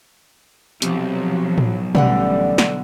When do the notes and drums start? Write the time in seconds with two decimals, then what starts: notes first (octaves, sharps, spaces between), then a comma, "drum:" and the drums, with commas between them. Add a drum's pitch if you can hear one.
0.82 B1 C3 F3 F#3, drum: hi-hat
1.58 drum: tom A2
1.95 A1 D3 E3 G3 F#5, drum: tom
2.58 drum: snare